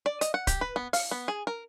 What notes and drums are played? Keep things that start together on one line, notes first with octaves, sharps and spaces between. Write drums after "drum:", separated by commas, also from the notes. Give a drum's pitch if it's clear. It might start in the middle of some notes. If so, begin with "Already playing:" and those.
D5
D#5, drum: hi-hat
F#5
G4, drum: kick C#1, hi-hat
B4
B3
F5, drum: open hi-hat
B3
G#4
A#4